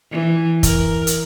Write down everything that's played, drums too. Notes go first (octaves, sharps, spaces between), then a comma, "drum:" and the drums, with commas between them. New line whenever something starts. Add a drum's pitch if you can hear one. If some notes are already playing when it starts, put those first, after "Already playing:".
E3
A#4, drum: kick, hi-hat
drum: hi-hat